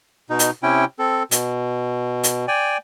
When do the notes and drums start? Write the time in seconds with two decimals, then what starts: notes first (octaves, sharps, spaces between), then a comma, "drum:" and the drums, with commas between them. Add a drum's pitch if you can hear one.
0.30 B2 D#4
0.39 drum: hi-hat
0.63 C3 C#4 E4 G5
0.99 C4 A4
1.31 B2, drum: hi-hat
2.23 drum: hi-hat
2.48 D5 G5 G#5